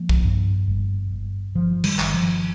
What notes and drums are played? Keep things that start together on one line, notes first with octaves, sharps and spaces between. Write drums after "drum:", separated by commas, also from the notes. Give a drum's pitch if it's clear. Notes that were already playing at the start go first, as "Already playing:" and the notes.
Already playing: F3 A#3
drum: kick
G2
G1
G1
G1 F3
D#3 G3, drum: cymbal
G1, drum: clap
F3